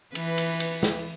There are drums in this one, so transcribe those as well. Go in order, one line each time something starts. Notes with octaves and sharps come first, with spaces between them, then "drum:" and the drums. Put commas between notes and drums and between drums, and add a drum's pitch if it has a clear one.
E3 B4, drum: cymbal
drum: cymbal
drum: cymbal
drum: snare